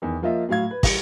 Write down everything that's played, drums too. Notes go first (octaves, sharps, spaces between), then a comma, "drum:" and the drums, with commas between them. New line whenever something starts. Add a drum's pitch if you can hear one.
E2 D#3
F3 A#3 F4 D#5 E5
A2 F#3 F5 G#6
B4
G3 C#7, drum: kick, open hi-hat